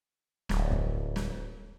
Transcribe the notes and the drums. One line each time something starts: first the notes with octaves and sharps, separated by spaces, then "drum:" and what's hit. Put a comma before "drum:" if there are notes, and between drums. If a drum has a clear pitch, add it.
D1, drum: snare
drum: kick
drum: snare